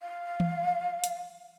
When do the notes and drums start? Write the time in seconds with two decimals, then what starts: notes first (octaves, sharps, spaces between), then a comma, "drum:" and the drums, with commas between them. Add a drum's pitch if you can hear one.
0.01 F5
0.40 drum: tom E3
1.04 drum: hi-hat